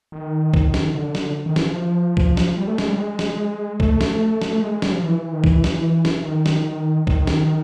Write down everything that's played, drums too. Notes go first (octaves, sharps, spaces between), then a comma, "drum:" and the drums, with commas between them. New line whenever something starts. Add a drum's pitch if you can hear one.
D#3
drum: kick
drum: snare
D3
drum: snare
D#3
E3, drum: snare
F3
drum: kick
drum: snare
G3
A3
G#3, drum: snare
G3
G#3
drum: snare
A3, drum: kick
drum: snare
drum: snare
A3
G#3
G#3
G3, drum: snare
F3
E3
D#3
E3, drum: kick
drum: snare
drum: snare
D#3
drum: snare
D#3, drum: kick
drum: snare